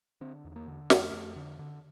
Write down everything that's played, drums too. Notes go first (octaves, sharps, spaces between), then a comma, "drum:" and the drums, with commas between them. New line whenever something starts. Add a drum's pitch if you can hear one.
D3 C4
E2
A#3
D3
F2 A3, drum: snare
F2
D3
D3